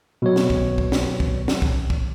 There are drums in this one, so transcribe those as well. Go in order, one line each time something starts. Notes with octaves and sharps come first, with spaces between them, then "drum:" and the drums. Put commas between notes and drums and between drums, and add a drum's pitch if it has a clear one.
B2 F#3 C#5
drum: snare
drum: kick
drum: kick
drum: snare
drum: kick
drum: snare
drum: kick
drum: kick